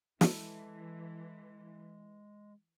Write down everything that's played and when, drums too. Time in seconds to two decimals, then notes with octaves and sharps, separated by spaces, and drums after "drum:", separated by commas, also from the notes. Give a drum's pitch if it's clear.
0.21 E3 G#3 E4 A4, drum: snare